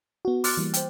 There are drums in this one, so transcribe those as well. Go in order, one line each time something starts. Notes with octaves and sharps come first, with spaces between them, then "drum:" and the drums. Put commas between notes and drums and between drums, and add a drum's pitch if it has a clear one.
B3 F#4
C6 D6 F6 F#6 A6, drum: open hi-hat
E3 G3 A#3
C5 G5, drum: hi-hat